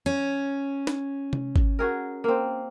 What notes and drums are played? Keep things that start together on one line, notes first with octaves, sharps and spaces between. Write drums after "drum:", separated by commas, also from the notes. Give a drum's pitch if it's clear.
C#4
drum: snare
drum: tom C3
drum: kick G#1
F#4 G#4 A#4
A#3 C4